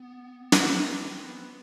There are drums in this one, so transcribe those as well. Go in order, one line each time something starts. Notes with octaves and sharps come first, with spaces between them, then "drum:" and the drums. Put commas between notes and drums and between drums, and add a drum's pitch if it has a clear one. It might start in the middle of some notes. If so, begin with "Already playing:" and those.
Already playing: B3
drum: snare
B3
C4
C4
B3